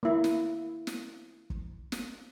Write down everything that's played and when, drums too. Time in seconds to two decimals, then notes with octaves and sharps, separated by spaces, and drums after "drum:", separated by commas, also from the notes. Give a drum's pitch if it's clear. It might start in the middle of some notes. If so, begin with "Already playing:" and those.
0.03 A#3 E4
0.24 drum: snare
0.87 drum: snare
1.50 drum: kick
1.92 drum: snare